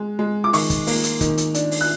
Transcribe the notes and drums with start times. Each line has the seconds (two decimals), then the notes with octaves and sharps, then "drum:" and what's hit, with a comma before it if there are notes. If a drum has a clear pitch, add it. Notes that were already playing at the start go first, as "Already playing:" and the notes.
Already playing: G#3
0.19 G#3
0.44 D6
0.53 D#3 C#6, drum: open hi-hat
0.70 drum: kick, hi-hat
0.87 A#3, drum: open hi-hat
1.04 drum: hi-hat
1.21 D#3, drum: kick, hi-hat
1.38 drum: hi-hat
1.54 D4, drum: hi-hat
1.71 drum: open hi-hat
1.81 F#6